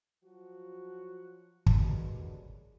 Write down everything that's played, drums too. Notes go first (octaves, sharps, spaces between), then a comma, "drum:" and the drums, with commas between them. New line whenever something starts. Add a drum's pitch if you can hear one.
F3 F#3 F#4
A1 D#2 F#3 G#3 B3 D4, drum: kick